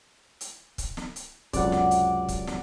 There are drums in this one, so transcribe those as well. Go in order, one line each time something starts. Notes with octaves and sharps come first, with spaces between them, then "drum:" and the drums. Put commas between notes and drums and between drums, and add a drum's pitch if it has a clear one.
drum: hi-hat
drum: kick C#1, hi-hat
drum: snare
drum: hi-hat
C#2 F#2 C3 D5 F#5, drum: kick C#1, hi-hat
drum: snare
drum: hi-hat
drum: kick C#1, hi-hat
drum: snare